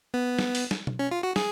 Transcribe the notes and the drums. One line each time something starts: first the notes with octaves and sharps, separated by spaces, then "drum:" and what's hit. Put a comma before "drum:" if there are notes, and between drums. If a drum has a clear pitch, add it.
B3
drum: snare
drum: open hi-hat
drum: snare
drum: tom B2
C#4
F4
F#4
G#4, drum: snare